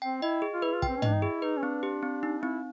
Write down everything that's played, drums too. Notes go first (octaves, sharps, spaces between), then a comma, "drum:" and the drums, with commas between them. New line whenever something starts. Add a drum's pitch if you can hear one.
C4 G5
E4 D#5
G#4
F4
E4 B4
F4
G5, drum: kick
C4
C#4
D4 D#5, drum: tom
D#4
E4 G#4
D#4 B4
C#4
C4 D4
G4
C4
D#4
C4 E4